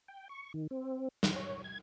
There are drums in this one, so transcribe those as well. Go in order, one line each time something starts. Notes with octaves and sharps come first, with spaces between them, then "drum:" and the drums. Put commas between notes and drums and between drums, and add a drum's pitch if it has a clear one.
G5
C#6
D#3
C4
D#3, drum: snare
C#5
G#6